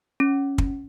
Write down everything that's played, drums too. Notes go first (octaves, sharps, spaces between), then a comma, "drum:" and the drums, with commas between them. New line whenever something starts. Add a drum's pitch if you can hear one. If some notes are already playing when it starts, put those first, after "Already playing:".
C#4
drum: kick